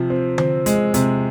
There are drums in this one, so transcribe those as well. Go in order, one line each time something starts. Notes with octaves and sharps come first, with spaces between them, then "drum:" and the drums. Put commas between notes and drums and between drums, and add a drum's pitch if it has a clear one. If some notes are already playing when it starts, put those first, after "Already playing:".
Already playing: C3 F3
C4
C4, drum: tom D3
G#3, drum: hi-hat
C3, drum: hi-hat